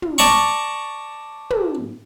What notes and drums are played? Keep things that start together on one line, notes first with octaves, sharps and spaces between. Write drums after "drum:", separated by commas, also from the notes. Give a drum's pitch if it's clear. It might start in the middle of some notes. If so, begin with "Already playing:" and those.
drum: tom
D5 A5 A#5 C#6
drum: tom